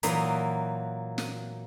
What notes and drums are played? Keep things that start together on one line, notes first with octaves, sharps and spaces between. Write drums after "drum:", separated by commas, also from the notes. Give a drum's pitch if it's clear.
A#2 E3 F#3 A#3 D#4 B5, drum: hi-hat
drum: snare